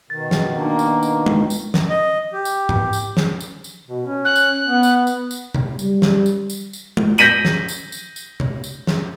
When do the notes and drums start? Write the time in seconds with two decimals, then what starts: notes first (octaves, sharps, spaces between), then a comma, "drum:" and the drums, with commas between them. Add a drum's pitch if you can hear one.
0.10 B2 D#3 A6
0.31 drum: snare
0.59 A#3 D4 D#4
0.79 drum: tambourine
1.03 drum: tambourine
1.26 drum: tom
1.50 drum: tambourine
1.74 drum: snare
1.89 D#5
2.33 G4
2.45 drum: tambourine
2.69 drum: tom G#2
2.93 drum: tambourine
3.17 drum: snare
3.40 drum: tambourine
3.64 drum: tambourine
3.88 B2
4.06 C#4
4.25 F#6
4.36 drum: tambourine
4.66 B3
4.83 drum: tambourine
5.07 drum: tambourine
5.31 drum: tambourine
5.54 drum: tom C3
5.79 G3, drum: tambourine
6.02 drum: snare
6.26 drum: tambourine
6.50 drum: tambourine
6.73 drum: tambourine
6.97 drum: tom
7.18 G6 A#6 B6 D#7 F#7, drum: tambourine
7.45 drum: snare
7.69 drum: tambourine
7.92 drum: tambourine
8.16 drum: tambourine
8.40 drum: tom C3
8.64 drum: tambourine
8.87 drum: snare